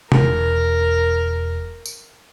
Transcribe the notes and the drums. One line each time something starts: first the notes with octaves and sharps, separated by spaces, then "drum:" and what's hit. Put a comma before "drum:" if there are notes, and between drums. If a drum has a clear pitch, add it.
E1 E2 A#4, drum: tom
drum: tambourine